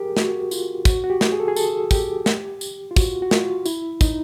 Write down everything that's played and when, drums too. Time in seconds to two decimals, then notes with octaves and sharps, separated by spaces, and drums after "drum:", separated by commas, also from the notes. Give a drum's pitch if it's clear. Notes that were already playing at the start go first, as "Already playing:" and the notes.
Already playing: G4 G#4 A#4
0.17 F#4, drum: snare
0.51 F4, drum: tambourine
0.85 F#4, drum: kick, tambourine
1.04 F#4
1.10 G4
1.21 drum: snare
1.32 G#4
1.40 A4
1.48 G#4
1.56 A4, drum: tambourine
1.91 G4, drum: kick, tambourine
2.26 drum: snare
2.61 drum: tambourine
2.91 F4
2.96 F#4, drum: kick, tambourine
3.22 F#4
3.31 F4, drum: snare
3.66 E4, drum: tambourine
4.01 D#4, drum: kick, tambourine